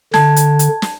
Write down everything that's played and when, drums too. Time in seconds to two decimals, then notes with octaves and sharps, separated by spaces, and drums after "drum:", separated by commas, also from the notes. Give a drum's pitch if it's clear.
0.14 D3 A5 G#6, drum: snare
0.36 drum: hi-hat
0.59 drum: hi-hat
0.82 drum: snare